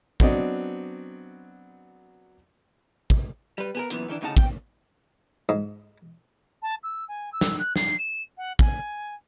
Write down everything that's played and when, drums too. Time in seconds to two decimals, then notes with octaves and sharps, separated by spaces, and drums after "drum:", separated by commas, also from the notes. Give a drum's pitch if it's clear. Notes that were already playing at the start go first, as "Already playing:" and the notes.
0.20 F#3 B3 C4 D4 D#5, drum: kick
3.10 drum: kick
3.58 G3 B4
3.75 B3 G#4 A#4
3.90 F#2 A#2 E3 B3, drum: hi-hat
4.08 D#3 E3 A3 D4
4.21 D2 A2 C#3 D#4 F#5 A5
4.37 G5, drum: kick
5.49 G#2
6.62 A5
6.83 E6
7.08 G#5
7.32 E6
7.41 drum: snare
7.59 F#6
7.76 C7, drum: snare
7.98 E7
8.37 F#5
8.59 G#5, drum: kick